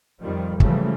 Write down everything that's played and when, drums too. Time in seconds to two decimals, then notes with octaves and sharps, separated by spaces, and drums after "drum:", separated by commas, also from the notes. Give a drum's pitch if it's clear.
0.22 F2 D#3 F3 G3
0.60 G#2 C#3 E3 F3 G3 A3, drum: kick